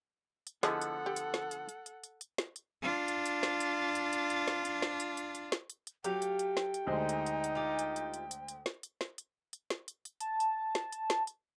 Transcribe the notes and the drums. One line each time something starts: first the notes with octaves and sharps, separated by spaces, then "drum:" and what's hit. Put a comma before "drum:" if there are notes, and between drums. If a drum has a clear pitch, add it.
drum: hi-hat
D3 F3 B3 E4 G#4 A4 D#5 F#5, drum: snare
drum: hi-hat
G4
drum: hi-hat
drum: snare
drum: hi-hat
drum: hi-hat
drum: hi-hat
drum: hi-hat
drum: hi-hat
drum: snare
drum: hi-hat
D4 F4
drum: hi-hat
drum: hi-hat
drum: snare
drum: hi-hat
drum: hi-hat
drum: hi-hat
drum: hi-hat
drum: snare
drum: hi-hat
drum: snare
drum: hi-hat
drum: hi-hat
drum: hi-hat
drum: snare
drum: hi-hat
drum: hi-hat
F#3 A3 G4 F5 G5, drum: hi-hat
drum: hi-hat
drum: hi-hat
drum: snare
drum: hi-hat
D2 G#3 D#4 C5
drum: hi-hat
drum: hi-hat
drum: hi-hat
F4 G4
drum: hi-hat
drum: hi-hat
drum: hi-hat
drum: hi-hat
drum: hi-hat
drum: snare
drum: hi-hat
drum: snare
drum: hi-hat
drum: hi-hat
drum: snare
drum: hi-hat
drum: hi-hat
A5, drum: hi-hat
drum: hi-hat
drum: snare
drum: hi-hat
drum: snare
drum: hi-hat